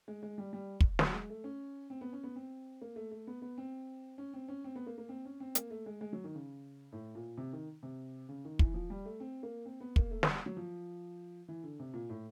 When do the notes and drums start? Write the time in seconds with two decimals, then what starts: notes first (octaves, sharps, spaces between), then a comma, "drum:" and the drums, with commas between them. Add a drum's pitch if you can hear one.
0.08 G#3
0.23 G#3
0.38 G3
0.53 G3
0.80 drum: kick
0.99 F#3, drum: snare
1.13 G#3
1.30 A3
1.44 C#4
1.90 C4
2.01 B3
2.13 C#4
2.24 B3
2.36 C4
2.81 A#3
2.96 A3
3.11 A3
3.27 B3
3.42 B3
3.58 C4
4.18 C#4
4.34 C4
4.48 C#4
4.64 C4
4.76 B3
4.87 A#3
4.98 A#3
5.09 C4
5.25 C#4
5.40 C4
5.55 A#3, drum: hi-hat
5.71 A3
5.86 G#3
6.01 G#3
6.13 F#3
6.24 D#3
6.35 C#3
6.92 A2
7.15 A#2
7.38 C3
7.53 D#3
7.83 C3
8.29 C#3
8.45 D#3
8.59 E3, drum: kick
8.74 F3
8.90 G3
9.05 A3
9.20 C4
9.43 A#3
9.66 C4
9.81 B3
9.96 A#3, drum: kick
10.11 A3
10.23 G3, drum: snare
10.46 F#3
10.57 F3
11.48 E3
11.64 D3
11.80 C3
11.94 A#2
12.10 A2